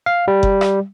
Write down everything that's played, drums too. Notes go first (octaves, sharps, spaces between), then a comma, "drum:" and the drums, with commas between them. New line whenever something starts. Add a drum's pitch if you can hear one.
F5
G3
drum: kick F#1
drum: rim click